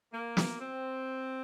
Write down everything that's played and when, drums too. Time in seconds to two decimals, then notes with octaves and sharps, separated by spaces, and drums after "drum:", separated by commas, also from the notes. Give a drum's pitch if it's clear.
0.13 A#3
0.37 drum: snare
0.60 C4